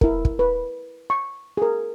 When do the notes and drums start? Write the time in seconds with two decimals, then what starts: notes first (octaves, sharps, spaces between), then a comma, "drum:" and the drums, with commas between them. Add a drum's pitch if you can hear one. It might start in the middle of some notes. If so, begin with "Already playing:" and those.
0.01 E4 A#4, drum: kick
0.25 drum: kick
0.39 B4
1.10 C#6
1.57 G#4 A#4